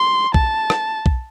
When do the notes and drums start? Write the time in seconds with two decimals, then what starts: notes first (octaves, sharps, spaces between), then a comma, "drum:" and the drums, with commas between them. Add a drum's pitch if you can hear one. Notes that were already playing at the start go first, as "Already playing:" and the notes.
Already playing: C6
0.34 A5, drum: kick B1
0.70 drum: rim click
1.06 drum: kick B1